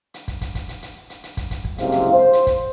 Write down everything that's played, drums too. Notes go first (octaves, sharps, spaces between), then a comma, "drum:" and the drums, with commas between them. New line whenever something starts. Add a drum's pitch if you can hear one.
drum: hi-hat
drum: kick, hi-hat
drum: kick, hi-hat
drum: kick, hi-hat
drum: hi-hat
drum: hi-hat
drum: hi-hat
drum: hi-hat
drum: kick, hi-hat
drum: kick, hi-hat
drum: kick
F#1 C2 G#2 C3 C4 F5, drum: hi-hat
drum: hi-hat
C5
drum: hi-hat
drum: kick, hi-hat